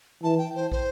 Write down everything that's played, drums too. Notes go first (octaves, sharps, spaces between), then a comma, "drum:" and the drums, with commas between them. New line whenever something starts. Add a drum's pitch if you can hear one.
E3 A5
G5
C5
C5, drum: kick